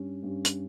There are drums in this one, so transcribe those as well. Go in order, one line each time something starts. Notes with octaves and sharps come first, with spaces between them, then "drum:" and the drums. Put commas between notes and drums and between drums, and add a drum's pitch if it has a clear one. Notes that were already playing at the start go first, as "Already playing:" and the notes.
Already playing: G2 G3 C#4
G2 G3 C#4
drum: hi-hat